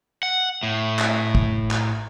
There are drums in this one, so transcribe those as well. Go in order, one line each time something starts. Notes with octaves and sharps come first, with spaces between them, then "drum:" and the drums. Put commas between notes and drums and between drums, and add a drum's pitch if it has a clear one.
F#5
A2
drum: clap
drum: kick
drum: clap